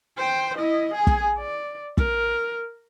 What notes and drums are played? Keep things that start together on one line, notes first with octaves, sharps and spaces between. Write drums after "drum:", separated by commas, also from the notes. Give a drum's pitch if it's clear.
C5 G5
E4 D#5
G#4 G#5
drum: kick
D5
A#4, drum: kick